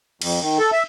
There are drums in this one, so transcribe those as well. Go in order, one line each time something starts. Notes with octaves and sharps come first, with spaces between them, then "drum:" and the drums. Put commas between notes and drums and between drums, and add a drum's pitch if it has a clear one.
F2, drum: cymbal
D#3
A4
E5